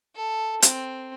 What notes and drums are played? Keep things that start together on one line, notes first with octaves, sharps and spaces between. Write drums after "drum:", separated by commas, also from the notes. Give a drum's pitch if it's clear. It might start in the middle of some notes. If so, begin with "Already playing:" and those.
A4
C4, drum: hi-hat